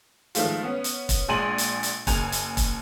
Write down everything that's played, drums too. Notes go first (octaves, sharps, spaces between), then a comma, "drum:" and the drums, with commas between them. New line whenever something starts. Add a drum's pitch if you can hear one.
D#3 F3 G#3 A3 F4, drum: hi-hat
B3 C#4
drum: hi-hat
drum: kick, hi-hat
A#1 G#3 G#5 C6 D#7 F#7
drum: hi-hat
drum: hi-hat
F#1 G#5 F7, drum: kick, hi-hat
drum: hi-hat
drum: kick, hi-hat